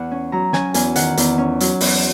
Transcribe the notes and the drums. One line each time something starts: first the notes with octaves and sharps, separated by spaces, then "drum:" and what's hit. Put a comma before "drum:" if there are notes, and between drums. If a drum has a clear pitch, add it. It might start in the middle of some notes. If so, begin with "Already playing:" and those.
Already playing: E2 F#5
C#4
F#3 A#5
C#4 G#5, drum: snare
E2 G#5, drum: hi-hat
D#3 F#5, drum: hi-hat
E2, drum: hi-hat
C#4
F#3, drum: hi-hat
E2, drum: open hi-hat